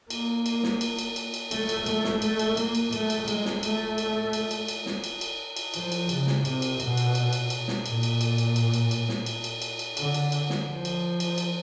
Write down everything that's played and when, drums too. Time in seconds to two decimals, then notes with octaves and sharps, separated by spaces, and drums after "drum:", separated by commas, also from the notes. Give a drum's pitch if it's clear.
0.10 A#3, drum: cymbal
0.46 drum: cymbal
0.63 drum: snare
0.81 drum: cymbal
0.99 drum: cymbal
1.16 drum: cymbal
1.34 drum: cymbal
1.51 A3, drum: cymbal
1.69 drum: cymbal
1.86 A3, drum: cymbal
2.04 drum: snare
2.22 A3, drum: cymbal
2.39 drum: cymbal
2.57 A#3, drum: cymbal
2.75 drum: cymbal
2.93 A3, drum: cymbal
3.10 drum: cymbal
3.28 G#3, drum: cymbal
3.45 drum: snare
3.63 A3, drum: cymbal
3.98 drum: cymbal
4.33 drum: cymbal
4.51 drum: cymbal
4.68 drum: cymbal
4.86 drum: snare
5.04 drum: cymbal
5.21 drum: cymbal
5.57 drum: cymbal
5.74 F3, drum: cymbal
5.92 drum: cymbal
6.09 C#3, drum: cymbal
6.27 drum: snare
6.45 C3, drum: cymbal
6.62 drum: cymbal
6.80 B2, drum: cymbal
6.97 drum: cymbal
7.15 drum: cymbal
7.33 drum: cymbal
7.50 drum: cymbal
7.68 drum: snare
7.86 A#2, drum: cymbal
8.03 drum: cymbal
8.21 drum: cymbal
8.38 drum: cymbal
8.56 drum: cymbal
8.74 drum: cymbal
8.91 drum: cymbal
9.09 drum: snare
9.26 drum: cymbal
9.44 drum: cymbal
9.62 drum: cymbal
9.79 drum: cymbal
9.97 D3, drum: cymbal
10.14 drum: cymbal
10.32 drum: cymbal
10.50 drum: snare
10.67 F3
10.85 drum: cymbal
11.20 drum: cymbal
11.38 drum: cymbal